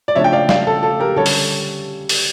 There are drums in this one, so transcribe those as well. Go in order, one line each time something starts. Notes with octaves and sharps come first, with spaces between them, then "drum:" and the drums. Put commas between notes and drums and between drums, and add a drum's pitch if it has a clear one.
D5
C#3 F3 A3 D4 C#5 E5
G5
D5 F5
D5 F5, drum: snare
A4
A4
G4 A#4
D3 G3 C#4 A4 C#5
drum: open hi-hat
drum: open hi-hat